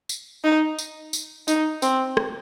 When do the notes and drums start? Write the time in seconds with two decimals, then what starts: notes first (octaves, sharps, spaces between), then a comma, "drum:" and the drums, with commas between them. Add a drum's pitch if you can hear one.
0.09 drum: tambourine
0.44 D#4
0.79 drum: tambourine
1.13 drum: tambourine
1.48 D#4, drum: tambourine
1.82 C4, drum: tambourine
2.17 drum: rim click